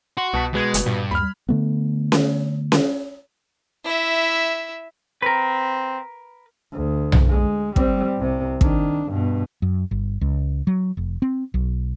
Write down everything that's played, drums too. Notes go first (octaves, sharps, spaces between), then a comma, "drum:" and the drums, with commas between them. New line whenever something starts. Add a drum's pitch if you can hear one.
F#4 C6
C2 B2 A5 B6
B2 G#3 B4 G#6
F#1, drum: hi-hat
G2 A#2
D#2 B5 F6
D3 A3 B3
drum: snare C#4
drum: snare C#4
E4 E5
C4 A#4 B4
D2
drum: tom B1
G#3
G3 C4, drum: kick
C2 C3
D#3 D4, drum: kick
G2 B2
F#2
G1
C#2
F#3
F1
C4
B1